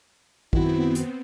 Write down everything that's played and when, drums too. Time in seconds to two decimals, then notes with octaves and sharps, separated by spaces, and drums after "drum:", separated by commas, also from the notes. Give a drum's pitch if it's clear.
0.53 F#2 D#3 B3 C4 E4 F#4, drum: kick A1
0.95 drum: hi-hat